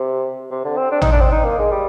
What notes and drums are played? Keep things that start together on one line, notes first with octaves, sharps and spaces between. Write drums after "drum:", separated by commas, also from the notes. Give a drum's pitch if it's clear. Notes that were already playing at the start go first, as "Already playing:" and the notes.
Already playing: C3
C3
D3
C4
D4
D#4, drum: tom
D4
C4
D#4
A#3
G#3
G3